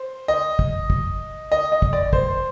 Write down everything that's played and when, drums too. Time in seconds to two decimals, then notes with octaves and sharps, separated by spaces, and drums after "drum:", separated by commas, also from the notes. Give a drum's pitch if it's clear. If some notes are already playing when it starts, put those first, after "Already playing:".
Already playing: C5
0.28 D#5
0.59 drum: kick
0.90 drum: kick
1.52 D#5
1.72 D#5
1.82 drum: kick
1.93 D5
2.13 C5, drum: kick